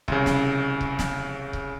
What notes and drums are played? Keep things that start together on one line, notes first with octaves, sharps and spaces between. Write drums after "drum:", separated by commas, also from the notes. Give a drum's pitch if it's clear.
C2 C#3, drum: kick C#1
drum: snare
drum: kick C#1
drum: snare
drum: kick C#1